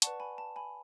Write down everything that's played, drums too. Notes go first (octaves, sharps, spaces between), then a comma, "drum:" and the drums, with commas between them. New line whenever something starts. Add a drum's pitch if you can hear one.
B4 D5 F#5 A5 C#6, drum: hi-hat
G#5 B5
A5
G#5 B5